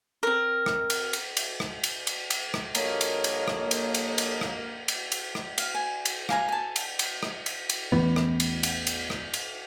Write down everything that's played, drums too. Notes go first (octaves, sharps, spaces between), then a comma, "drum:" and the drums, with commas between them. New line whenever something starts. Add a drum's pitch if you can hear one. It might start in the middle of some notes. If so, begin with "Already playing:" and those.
C4 A#4
drum: rim click
drum: cymbal
drum: cymbal
drum: cymbal
drum: rim click
drum: cymbal
drum: cymbal
drum: cymbal
drum: rim click
G2 F3 A#3 A4 A#4 C#5 D#5 D#6, drum: cymbal
drum: cymbal
drum: cymbal
drum: rim click
drum: cymbal
drum: cymbal
drum: cymbal
drum: rim click
drum: cymbal
drum: cymbal
drum: rim click
F5, drum: cymbal
G#5
drum: cymbal
F5 G#5 A#5, drum: rim click
G#5 A5
drum: cymbal
drum: cymbal
drum: rim click
drum: cymbal
drum: cymbal
A1 E2 E3 B3
drum: rim click
drum: cymbal
drum: cymbal
drum: cymbal
drum: rim click
drum: cymbal